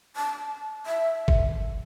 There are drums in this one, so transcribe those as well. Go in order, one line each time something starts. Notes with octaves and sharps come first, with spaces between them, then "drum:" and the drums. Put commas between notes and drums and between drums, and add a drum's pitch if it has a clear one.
A5
E5
drum: kick G#1